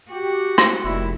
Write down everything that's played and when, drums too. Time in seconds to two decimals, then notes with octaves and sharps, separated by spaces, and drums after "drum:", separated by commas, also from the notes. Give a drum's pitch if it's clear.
0.11 F#4 G4
0.58 drum: rim click
0.84 F1 D#3 G3 E4